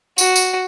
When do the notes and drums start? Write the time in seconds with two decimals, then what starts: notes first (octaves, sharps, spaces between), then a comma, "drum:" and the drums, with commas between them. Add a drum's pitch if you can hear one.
0.18 F#4, drum: tambourine
0.36 drum: tambourine